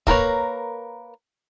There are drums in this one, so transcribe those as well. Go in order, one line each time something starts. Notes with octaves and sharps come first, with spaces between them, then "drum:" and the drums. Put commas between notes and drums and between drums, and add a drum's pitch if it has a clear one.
A#3 A#4 B4 C#5, drum: kick